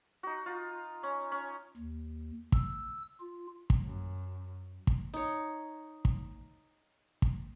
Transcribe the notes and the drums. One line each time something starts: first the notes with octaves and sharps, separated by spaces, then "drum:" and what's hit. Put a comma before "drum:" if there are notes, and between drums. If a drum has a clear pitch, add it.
D#4 F#4
F4
C#4
C#4
D#2
E6, drum: kick
F4
drum: kick
F#2
drum: kick
D#4 C#5
drum: kick
drum: kick